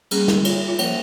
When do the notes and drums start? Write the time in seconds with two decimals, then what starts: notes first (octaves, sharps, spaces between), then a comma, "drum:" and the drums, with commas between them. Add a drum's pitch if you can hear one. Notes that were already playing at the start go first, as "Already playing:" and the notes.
0.11 G3 A#3 C#4 G#4, drum: cymbal
0.28 drum: snare
0.45 F4, drum: cymbal
0.68 F4
0.79 F3 A#3 C#4 C5, drum: cymbal